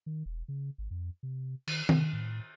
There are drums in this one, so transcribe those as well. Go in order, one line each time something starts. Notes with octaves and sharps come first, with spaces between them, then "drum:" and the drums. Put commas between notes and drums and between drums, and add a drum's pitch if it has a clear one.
D#3
E1
C#3
G#1
F2
C3
D#3, drum: cymbal
C3, drum: tom D#3
A2